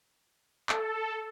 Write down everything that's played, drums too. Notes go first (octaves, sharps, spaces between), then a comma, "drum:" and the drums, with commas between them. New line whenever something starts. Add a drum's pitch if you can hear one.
A4, drum: clap